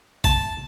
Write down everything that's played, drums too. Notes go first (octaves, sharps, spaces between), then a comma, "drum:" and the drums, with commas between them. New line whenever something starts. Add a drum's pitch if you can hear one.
A5, drum: kick